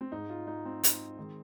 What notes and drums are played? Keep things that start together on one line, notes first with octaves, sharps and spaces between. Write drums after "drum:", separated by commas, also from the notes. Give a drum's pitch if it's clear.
C4
G#2 G#3 D#4
F4
D#4
C4
drum: hi-hat
D#3 G#3